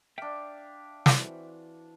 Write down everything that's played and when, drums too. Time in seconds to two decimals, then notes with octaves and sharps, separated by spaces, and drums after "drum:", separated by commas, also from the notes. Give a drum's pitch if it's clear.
0.18 D4 E5 F5 G5
1.06 E3 C4 F#4, drum: snare